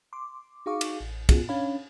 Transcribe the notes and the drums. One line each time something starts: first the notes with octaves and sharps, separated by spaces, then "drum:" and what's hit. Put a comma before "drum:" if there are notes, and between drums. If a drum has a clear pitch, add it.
C6 D6
D#4 F#4 G#4 F5 C#6 D6
drum: cymbal
A1
B3 C#4 F4 F#4 G#4, drum: kick, cymbal
C#4 D4 C#5 F5 B5